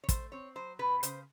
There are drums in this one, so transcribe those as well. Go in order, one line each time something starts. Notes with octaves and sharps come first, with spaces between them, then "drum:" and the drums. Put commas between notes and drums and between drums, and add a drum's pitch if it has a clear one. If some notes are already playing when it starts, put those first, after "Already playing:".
C#5
A3 C5, drum: kick, hi-hat
C4 C#5
F#3 C5
B2 B4
C#3 C5, drum: hi-hat